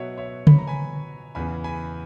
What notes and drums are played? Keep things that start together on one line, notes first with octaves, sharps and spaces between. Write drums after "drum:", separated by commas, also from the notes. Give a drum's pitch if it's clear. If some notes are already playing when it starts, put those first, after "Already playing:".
Already playing: B2 F#3 C#5 D#5 E5 F#5
C#5 E5
B5, drum: tom C#3
A#5
G#5 B5
E2 C#3 E3 G#5 B5
G#5 B5